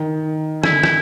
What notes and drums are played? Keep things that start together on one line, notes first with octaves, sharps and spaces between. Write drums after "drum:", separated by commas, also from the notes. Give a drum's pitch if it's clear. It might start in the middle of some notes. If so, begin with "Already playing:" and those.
Already playing: D#3
D3 E4, drum: rim click
drum: rim click